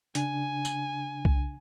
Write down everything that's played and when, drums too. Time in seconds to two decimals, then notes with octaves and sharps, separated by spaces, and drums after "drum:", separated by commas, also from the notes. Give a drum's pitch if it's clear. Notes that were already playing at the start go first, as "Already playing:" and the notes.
0.15 C#3 D4 G#5, drum: hi-hat
0.65 drum: tambourine
1.25 drum: kick C2